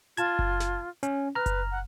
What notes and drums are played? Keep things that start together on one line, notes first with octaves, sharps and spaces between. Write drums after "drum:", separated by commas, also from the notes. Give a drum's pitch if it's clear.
F4 A5 G#6, drum: hi-hat
drum: kick F#1
drum: snare
C#4, drum: hi-hat
B4 A#5 F6
drum: kick F#1, hi-hat
F#5